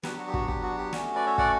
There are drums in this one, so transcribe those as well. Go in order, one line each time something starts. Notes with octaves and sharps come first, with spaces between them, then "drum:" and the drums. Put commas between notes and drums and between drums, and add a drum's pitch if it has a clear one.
F#3 B3 D4 F#4 G4 B4, drum: snare
F#4
G4
F#4, drum: kick
G4, drum: kick
F#4
G4
A3 C#4 F#4, drum: snare
B4 D5
C#5 E5
D5 F#5, drum: kick